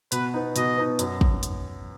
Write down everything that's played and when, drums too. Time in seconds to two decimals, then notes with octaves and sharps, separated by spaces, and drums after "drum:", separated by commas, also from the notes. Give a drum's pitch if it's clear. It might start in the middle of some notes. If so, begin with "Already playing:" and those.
0.12 B2 B4, drum: hi-hat
0.34 B3 D#4
0.56 B2 D#5, drum: hi-hat
0.77 B3 D#4
0.99 F#2, drum: hi-hat
1.21 drum: kick
1.43 drum: hi-hat